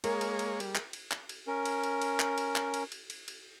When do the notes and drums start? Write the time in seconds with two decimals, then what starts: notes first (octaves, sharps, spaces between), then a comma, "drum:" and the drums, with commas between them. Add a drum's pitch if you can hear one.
0.04 G#3 A#3 G#4 A#4 C#5, drum: cymbal
0.21 drum: cymbal
0.39 drum: cymbal
0.60 G3, drum: cymbal
0.75 drum: clap
0.93 drum: cymbal
1.11 drum: clap
1.29 drum: cymbal
1.47 C#4 A#4
1.65 drum: cymbal
1.84 drum: cymbal
2.02 drum: cymbal
2.20 drum: clap
2.38 drum: cymbal
2.56 drum: clap
2.74 drum: cymbal
2.92 drum: cymbal
3.10 drum: cymbal
3.28 drum: cymbal